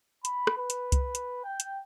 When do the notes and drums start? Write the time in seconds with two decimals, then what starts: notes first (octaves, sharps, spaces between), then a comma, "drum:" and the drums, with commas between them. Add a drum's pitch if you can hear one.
0.25 B5, drum: hi-hat
0.47 drum: rim click
0.58 B4
0.70 drum: hi-hat
0.92 drum: kick C2, hi-hat
1.15 drum: hi-hat
1.44 G5
1.60 drum: hi-hat